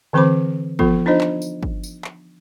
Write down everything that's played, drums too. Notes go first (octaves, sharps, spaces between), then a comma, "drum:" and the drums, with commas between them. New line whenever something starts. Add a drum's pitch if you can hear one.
D3 E3 C4 C5 B5 D6
F3 B3 F4 A4, drum: kick
D4 D#4 F4 C5 D#5
drum: clap
drum: tambourine
drum: kick
drum: tambourine
drum: clap